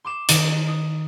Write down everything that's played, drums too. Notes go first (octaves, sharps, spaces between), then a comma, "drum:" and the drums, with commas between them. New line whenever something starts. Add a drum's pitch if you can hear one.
C6 D6 E7
D#3, drum: hi-hat
D#6